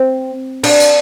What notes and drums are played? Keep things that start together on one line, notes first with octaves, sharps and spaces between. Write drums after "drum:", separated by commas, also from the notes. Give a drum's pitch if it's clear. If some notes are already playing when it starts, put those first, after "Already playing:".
Already playing: C4
D4, drum: cymbal
drum: tambourine